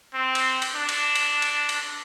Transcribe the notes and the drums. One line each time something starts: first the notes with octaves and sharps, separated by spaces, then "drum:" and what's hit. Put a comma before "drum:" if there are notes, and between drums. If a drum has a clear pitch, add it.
C4
drum: cymbal
drum: cymbal
D4
drum: cymbal
drum: cymbal
drum: cymbal
drum: cymbal